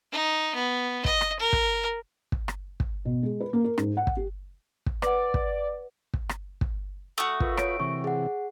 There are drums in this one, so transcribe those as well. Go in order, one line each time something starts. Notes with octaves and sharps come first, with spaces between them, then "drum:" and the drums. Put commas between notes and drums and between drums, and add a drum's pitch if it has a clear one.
D#4
B3
D#5, drum: kick
drum: rim click
A#4
drum: kick
drum: kick
drum: rim click
drum: kick
B2
G#3
B4
A#3
A#4
G#2, drum: rim click
F#5
drum: kick
G4
drum: kick
B4 D5 F#5, drum: rim click
drum: kick
drum: kick
drum: rim click
drum: kick
A3 F#4 D#6
F4 A#4 B4, drum: kick
A4 C#5 D7, drum: rim click
C3 E3 C#6
G#4 F#5